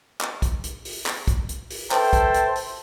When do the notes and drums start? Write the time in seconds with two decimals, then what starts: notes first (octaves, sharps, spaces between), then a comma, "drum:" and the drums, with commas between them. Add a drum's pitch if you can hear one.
0.21 drum: clap
0.42 drum: kick, hi-hat
0.64 drum: hi-hat
0.85 drum: open hi-hat
1.06 drum: clap
1.28 drum: kick, hi-hat
1.49 drum: hi-hat
1.70 drum: open hi-hat
1.91 A4 B4 C5 E5 G5 A5, drum: clap
2.13 drum: kick, hi-hat
2.34 drum: hi-hat
2.55 drum: open hi-hat